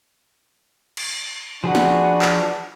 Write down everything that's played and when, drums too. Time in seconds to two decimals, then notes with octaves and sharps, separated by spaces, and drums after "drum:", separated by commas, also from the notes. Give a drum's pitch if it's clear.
0.97 drum: cymbal
1.64 F3 D4 F#4 G#4 B4
1.75 drum: snare
2.22 drum: clap